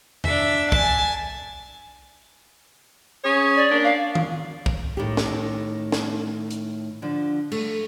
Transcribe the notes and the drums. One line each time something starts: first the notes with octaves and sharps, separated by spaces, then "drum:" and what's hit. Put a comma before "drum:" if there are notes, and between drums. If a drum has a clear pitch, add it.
D4 E5, drum: tom E2
G#5 A5, drum: kick
C#4 G#4 C#5
D5
A#3 D4
F5
drum: tom D#3
drum: kick
A2 D#3 G4
drum: snare
drum: snare
drum: hi-hat
D3 F3
A3, drum: cymbal